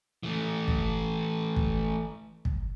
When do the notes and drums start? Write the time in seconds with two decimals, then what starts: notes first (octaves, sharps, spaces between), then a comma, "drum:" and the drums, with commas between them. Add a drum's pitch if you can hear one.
0.23 E3 A3
0.68 drum: kick
1.56 drum: kick
2.45 drum: kick